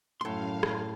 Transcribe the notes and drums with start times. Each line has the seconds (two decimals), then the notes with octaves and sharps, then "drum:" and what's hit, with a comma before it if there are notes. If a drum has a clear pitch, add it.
0.21 F#2 A2 F5 C6
0.63 drum: rim click